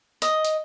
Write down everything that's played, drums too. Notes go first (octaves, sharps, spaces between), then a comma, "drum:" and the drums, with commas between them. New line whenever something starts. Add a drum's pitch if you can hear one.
D#5, drum: hi-hat
drum: hi-hat